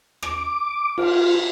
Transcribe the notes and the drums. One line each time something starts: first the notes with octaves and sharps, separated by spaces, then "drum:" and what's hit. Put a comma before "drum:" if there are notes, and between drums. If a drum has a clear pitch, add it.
D6, drum: rim click
F4, drum: cymbal